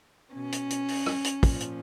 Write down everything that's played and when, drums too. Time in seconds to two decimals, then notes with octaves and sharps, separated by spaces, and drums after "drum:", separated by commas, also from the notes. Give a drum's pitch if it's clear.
0.34 B2 C#4
0.52 drum: hi-hat
0.70 drum: hi-hat
0.88 drum: open hi-hat
1.06 drum: rim click
1.24 drum: hi-hat
1.43 A#2 F3, drum: kick, open hi-hat
1.60 drum: hi-hat